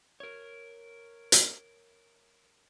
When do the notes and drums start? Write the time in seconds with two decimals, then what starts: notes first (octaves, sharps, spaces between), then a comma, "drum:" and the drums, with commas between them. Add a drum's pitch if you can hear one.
0.20 A#4 C#5
1.32 drum: hi-hat